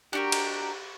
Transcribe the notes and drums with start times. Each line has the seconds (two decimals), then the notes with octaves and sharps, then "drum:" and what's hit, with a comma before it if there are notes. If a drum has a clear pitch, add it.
0.13 D4 F#4 G4 A#4
0.32 drum: cymbal